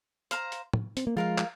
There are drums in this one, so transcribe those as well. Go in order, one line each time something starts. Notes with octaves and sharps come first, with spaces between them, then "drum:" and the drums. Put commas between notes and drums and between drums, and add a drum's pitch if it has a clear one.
C5 F5 A#5, drum: hi-hat
drum: hi-hat
drum: tom
C4, drum: hi-hat
A#3
F3 G#3 F4 A#4 F5
drum: clap